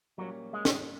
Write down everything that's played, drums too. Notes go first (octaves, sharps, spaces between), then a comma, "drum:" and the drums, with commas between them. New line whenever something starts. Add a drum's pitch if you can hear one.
A#2 F#3 G3 A#3 C#4
G#3
drum: snare